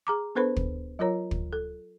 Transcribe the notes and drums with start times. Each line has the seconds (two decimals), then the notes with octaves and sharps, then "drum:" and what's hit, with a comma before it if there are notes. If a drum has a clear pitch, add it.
0.07 G#4 A#5 D6
0.35 B3 D4 A4 B4 C5 B5
0.56 drum: kick
0.99 F#3 F4 A#4 C#5 A#5
1.31 drum: kick
1.53 A4